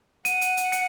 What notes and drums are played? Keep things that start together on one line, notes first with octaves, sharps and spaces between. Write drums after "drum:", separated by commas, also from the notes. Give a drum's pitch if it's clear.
F#5 D#7, drum: hi-hat
drum: hi-hat
drum: hi-hat
C#7, drum: hi-hat